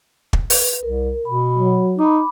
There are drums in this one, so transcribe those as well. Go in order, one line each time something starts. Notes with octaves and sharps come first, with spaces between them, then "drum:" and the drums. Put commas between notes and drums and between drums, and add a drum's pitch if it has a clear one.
drum: kick
B4, drum: open hi-hat
C2 A#4
B2 B5
F#3
D#4 B5 D6